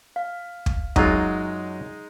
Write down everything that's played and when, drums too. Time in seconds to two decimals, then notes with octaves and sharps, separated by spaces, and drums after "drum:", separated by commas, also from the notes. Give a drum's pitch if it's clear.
0.16 F5
0.66 drum: kick
0.96 F#2 F#3 G#3 D#4 F4, drum: kick